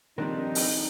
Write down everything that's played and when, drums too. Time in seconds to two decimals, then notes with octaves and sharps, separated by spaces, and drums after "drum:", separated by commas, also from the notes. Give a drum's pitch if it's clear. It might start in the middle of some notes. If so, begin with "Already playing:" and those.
0.18 D#3 F3 G3 C4 D4 D#4 A#4
0.55 drum: open hi-hat